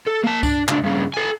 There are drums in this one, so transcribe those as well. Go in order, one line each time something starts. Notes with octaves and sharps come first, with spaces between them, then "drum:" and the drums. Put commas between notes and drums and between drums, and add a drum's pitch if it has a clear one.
A4
A#3 A5
D4, drum: kick C#2, tambourine
C#2 D4, drum: clap
G2 C#3
A4 G#5